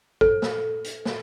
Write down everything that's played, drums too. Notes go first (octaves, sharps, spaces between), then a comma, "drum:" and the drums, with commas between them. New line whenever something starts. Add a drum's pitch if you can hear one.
A4, drum: kick
drum: snare
drum: hi-hat
drum: snare